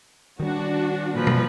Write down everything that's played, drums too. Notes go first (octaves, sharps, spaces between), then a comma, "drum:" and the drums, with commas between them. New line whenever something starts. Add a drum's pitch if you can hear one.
D#3 G3 D4 F#4
A#2 F3 B4
drum: tom